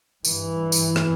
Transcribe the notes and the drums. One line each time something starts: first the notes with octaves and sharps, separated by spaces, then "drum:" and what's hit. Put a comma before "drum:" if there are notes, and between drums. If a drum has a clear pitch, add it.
G2 E3, drum: tambourine
drum: tambourine
drum: rim click